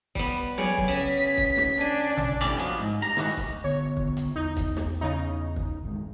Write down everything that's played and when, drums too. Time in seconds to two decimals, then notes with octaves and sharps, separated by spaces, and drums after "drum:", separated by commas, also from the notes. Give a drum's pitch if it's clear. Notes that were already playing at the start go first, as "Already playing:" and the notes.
0.15 G3 B3, drum: kick, hi-hat
0.58 G#4 C#5 D5, drum: tom F#3
0.78 drum: kick
0.88 C#3 G#5 B6
0.97 drum: hi-hat
1.37 drum: kick, hi-hat
1.57 drum: snare
1.81 D4 G#5
2.17 drum: tom A1
2.41 A2 C3 G3 C#4 D5
2.57 C2 F3 F#3 A#3 B3, drum: hi-hat
2.79 G#2
3.01 G2 A#5
3.17 D#3 E3 G3 G#3 F#4, drum: snare
3.37 drum: kick, hi-hat
3.64 D3 B3 C#5
3.97 drum: kick
4.17 drum: hi-hat
4.36 E2 D#4
4.57 drum: kick, hi-hat
4.77 drum: snare
5.01 C#3 D#4
5.56 drum: kick
5.83 A1 G#3